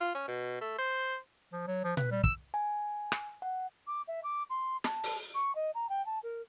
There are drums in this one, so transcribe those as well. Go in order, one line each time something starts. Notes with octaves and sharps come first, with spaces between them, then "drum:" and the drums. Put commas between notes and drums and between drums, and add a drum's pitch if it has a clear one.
F4
C#4
B2
A3
C5
F3
F#3
F3
B4, drum: tom A#2
G3
E6, drum: kick
G#5
drum: rim click
F#5
D6
E5
D6
C6
A5, drum: snare
drum: open hi-hat
C#6
D#5
A#5
G5
A5
A#4